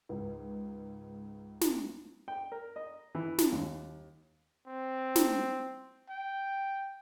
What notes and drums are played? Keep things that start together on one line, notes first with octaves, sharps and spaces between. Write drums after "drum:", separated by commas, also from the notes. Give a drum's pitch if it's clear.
C#2 G#2
drum: snare
G5
A#4
D#5
E3
drum: snare
D#2
C4
drum: snare
G5